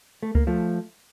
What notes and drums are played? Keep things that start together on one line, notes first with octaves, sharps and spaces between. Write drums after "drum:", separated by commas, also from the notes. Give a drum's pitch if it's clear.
A3
A#3, drum: kick C#2
F3 A3